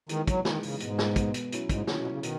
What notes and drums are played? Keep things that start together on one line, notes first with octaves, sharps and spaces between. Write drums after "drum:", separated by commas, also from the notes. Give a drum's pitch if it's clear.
D#3 E3 G#3 B3 D#4, drum: hi-hat
F#3, drum: kick, hi-hat
D#3 E3 G#3 B3 D#4, drum: snare
C#3, drum: open hi-hat
G#2 B2 G#3 B3, drum: hi-hat
drum: snare
B2 G#3 B3, drum: kick, hi-hat
drum: hi-hat
F#3 C#4 E4, drum: hi-hat
G#2, drum: kick, hi-hat
D#3 F#3 C#4 E4, drum: snare
B2
C#3
B2 D#3, drum: hi-hat